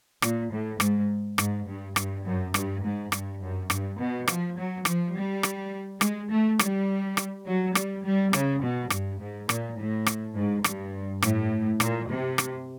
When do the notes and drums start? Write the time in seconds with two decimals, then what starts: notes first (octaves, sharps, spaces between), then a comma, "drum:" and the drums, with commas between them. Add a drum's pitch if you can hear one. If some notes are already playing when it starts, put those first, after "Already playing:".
0.22 A#2, drum: rim click
0.51 A2
0.80 G#2, drum: rim click
1.38 G#2, drum: rim click
1.67 G2
1.96 G2, drum: rim click
2.25 F#2
2.54 G2, drum: rim click
2.83 G#2
3.12 G2, drum: rim click
3.41 F#2
3.70 G2, drum: rim click
3.99 B2
4.28 F3, drum: rim click
4.57 F#3
4.85 F3, drum: rim click
5.14 G3
5.43 drum: rim click
6.01 G#3, drum: rim click
6.30 A3
6.59 G3, drum: rim click
7.17 drum: rim click
7.46 F#3
7.75 G3, drum: rim click
8.04 G3
8.33 C#3, drum: rim click
8.62 B2
8.90 G2, drum: rim click
9.20 G#2
9.49 A#2, drum: rim click
9.78 A2
10.06 drum: rim click
10.35 G#2
10.64 G2, drum: rim click
11.22 A2, drum: rim click
11.80 A#2, drum: rim click
12.09 C3
12.38 drum: rim click